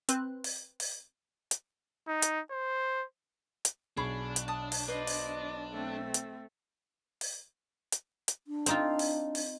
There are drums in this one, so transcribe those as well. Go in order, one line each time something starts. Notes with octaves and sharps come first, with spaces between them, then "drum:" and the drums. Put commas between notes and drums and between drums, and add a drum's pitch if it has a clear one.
C4 B4 C6 F#6, drum: hi-hat
drum: open hi-hat
drum: open hi-hat
drum: hi-hat
D#4
drum: hi-hat
C5
drum: hi-hat
B1 D4 G#4 B5 C#6
drum: hi-hat
A5 D#6
drum: open hi-hat
B4 C5 D5 D#5
drum: open hi-hat
A3 C4
drum: hi-hat
drum: open hi-hat
drum: hi-hat
drum: hi-hat
D4
C4 D#4 F4, drum: hi-hat
drum: open hi-hat
drum: open hi-hat